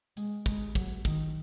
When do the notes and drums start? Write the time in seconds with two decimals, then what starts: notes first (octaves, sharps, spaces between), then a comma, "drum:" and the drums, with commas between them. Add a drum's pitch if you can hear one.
0.17 G#3, drum: hi-hat
0.46 G#3, drum: kick, hi-hat
0.75 F#3, drum: kick, hi-hat
1.05 D#3, drum: kick, hi-hat